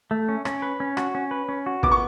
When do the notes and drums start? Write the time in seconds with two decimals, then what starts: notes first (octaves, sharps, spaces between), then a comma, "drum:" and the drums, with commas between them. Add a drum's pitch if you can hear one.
0.11 A3
0.29 C#4
0.45 C#4, drum: rim click
0.62 B4
0.80 C#4
0.97 F#4, drum: rim click
1.15 C#4
1.31 B4
1.49 C#4
1.66 F#4
1.83 B3 D6, drum: kick
1.91 C#6